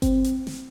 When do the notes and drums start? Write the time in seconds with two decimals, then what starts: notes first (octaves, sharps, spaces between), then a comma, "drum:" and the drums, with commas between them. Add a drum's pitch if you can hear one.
0.02 C4, drum: kick G1, hi-hat
0.24 drum: hi-hat
0.47 drum: snare